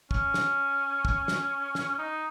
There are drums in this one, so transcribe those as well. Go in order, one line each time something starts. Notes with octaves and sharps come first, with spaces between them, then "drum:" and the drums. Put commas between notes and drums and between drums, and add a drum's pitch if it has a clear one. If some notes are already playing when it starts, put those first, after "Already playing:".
C#4, drum: kick
drum: snare
drum: kick
drum: snare
drum: snare
D#4